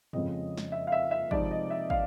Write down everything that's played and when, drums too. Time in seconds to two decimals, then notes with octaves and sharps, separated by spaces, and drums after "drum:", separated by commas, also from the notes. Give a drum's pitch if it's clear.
0.13 F2 C#3 F3 G#3 C4 D#5, drum: tom G2
0.57 drum: snare
0.72 E5
0.87 F5
0.92 E5
1.11 E5
1.31 C3 F3 G#3 C4 D#4 D5, drum: kick
1.51 D#5
1.70 E5
1.90 F5, drum: kick